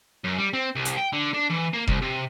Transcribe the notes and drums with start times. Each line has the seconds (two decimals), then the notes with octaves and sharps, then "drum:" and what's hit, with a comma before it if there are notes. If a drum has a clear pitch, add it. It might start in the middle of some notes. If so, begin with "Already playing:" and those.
0.24 F#2
0.38 G3
0.53 C4
0.76 C2
0.85 drum: hi-hat
0.97 G5
1.13 D3
1.34 D4
1.50 E3
1.73 A#3
1.88 C2, drum: kick F1
2.02 C3